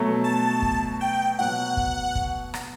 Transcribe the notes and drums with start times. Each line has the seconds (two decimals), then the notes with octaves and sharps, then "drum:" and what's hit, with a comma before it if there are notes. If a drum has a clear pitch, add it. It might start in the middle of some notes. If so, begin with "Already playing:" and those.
Already playing: B2 F#3 A3
0.24 A5
0.62 drum: kick
1.01 G5
1.39 B2 F#3 B3 F#5
1.77 drum: kick
2.15 drum: kick
2.54 drum: rim click